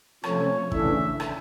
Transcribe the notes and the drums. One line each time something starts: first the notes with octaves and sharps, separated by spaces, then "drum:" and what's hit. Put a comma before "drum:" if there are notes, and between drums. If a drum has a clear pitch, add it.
C3 F3 A3 C#4 C#5, drum: rim click
C#3 E3 A3 D4 E5, drum: kick
drum: rim click